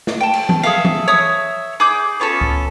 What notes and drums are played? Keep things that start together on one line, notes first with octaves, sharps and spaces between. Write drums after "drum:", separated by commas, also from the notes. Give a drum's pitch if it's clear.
drum: snare
G5 A5
drum: cymbal
drum: tom E3
G#4 A4 E5 F5
drum: tom E3
C#5 E5 D#6
G#4 D6 G6
B3 C#4 F4 A4
drum: kick C#2